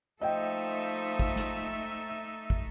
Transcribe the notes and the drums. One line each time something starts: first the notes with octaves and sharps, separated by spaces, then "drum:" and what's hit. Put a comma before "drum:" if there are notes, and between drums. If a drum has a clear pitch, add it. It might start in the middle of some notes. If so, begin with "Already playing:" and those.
F3 A3 D#4 D#5 E5 G5
drum: kick
drum: snare
drum: kick